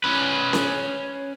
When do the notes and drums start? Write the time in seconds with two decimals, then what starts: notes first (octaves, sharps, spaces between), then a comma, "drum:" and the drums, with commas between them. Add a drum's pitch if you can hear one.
0.04 C#4 B4
0.53 drum: snare C#4